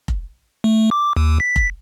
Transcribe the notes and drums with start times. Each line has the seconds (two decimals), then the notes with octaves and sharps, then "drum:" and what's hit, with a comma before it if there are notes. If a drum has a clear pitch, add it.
0.08 drum: kick F1
0.64 A3
0.91 D6
1.17 D#2
1.40 B6
1.56 drum: kick F1